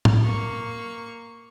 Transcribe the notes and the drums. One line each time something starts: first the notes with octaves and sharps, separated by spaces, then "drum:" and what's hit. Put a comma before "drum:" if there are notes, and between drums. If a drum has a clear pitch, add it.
drum: tom
A#3 C#6